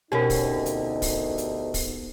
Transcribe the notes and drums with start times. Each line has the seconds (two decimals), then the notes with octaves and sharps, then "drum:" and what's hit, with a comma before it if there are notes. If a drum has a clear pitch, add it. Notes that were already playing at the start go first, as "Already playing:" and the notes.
0.12 D2 B2 C4 C#4 D#4 G4 A#4
0.30 drum: kick, open hi-hat
0.66 drum: hi-hat
1.02 drum: kick, open hi-hat
1.38 drum: hi-hat
1.74 drum: kick, open hi-hat